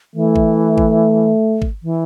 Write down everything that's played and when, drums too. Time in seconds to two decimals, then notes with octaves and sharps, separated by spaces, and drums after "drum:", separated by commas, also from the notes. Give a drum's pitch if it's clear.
0.14 E3 A3
0.36 drum: kick
0.78 drum: kick
1.62 drum: kick
1.83 E3